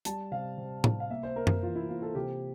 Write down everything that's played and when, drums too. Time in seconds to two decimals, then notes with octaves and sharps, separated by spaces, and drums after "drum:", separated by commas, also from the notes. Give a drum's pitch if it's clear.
0.05 G3 A5, drum: hi-hat
0.32 C3 F5
0.57 C3
0.84 C3, drum: tom A2
1.00 F5
1.10 A#3 E5
1.23 C5
1.36 A#3 A#4
1.47 drum: tom F#2
1.63 E3 F4
1.75 E4
1.89 A#3 F4
2.02 A4
2.15 C3 G4